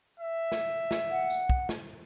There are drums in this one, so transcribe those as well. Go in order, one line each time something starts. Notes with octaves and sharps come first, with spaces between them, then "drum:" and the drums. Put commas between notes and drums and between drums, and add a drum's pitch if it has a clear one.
E5
drum: snare
drum: snare
F#5
drum: tambourine
drum: kick
drum: snare